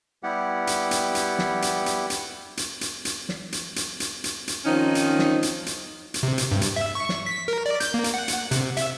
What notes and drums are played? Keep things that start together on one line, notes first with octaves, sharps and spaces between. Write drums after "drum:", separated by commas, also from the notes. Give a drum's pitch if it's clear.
G3 B3 E4 G4 F#5
drum: hi-hat
drum: hi-hat
drum: hi-hat
drum: snare
drum: hi-hat
drum: hi-hat
drum: hi-hat
drum: hi-hat
drum: hi-hat
drum: hi-hat
drum: snare
drum: hi-hat
drum: hi-hat
drum: hi-hat
drum: hi-hat
drum: hi-hat
D#3 F3 C4 C#4 D#4
drum: hi-hat
drum: snare
drum: hi-hat
drum: hi-hat
drum: hi-hat
C3
drum: hi-hat
G2
drum: hi-hat
E5
C#6
drum: snare
B6
A#4
D5
G6, drum: hi-hat
A#3
drum: hi-hat
F#5
drum: hi-hat
C3, drum: hi-hat
E5, drum: hi-hat